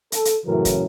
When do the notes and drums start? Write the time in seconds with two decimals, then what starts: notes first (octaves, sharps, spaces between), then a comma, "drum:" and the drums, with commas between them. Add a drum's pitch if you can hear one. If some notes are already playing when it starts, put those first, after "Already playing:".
0.12 A4, drum: hi-hat
0.25 drum: hi-hat
0.46 F#2 A2 C#3 E3 F#3 A#4
0.65 drum: kick, hi-hat